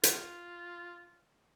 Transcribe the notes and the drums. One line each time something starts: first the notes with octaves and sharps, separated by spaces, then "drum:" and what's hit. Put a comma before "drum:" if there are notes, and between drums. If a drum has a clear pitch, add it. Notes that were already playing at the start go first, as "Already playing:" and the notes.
F4, drum: hi-hat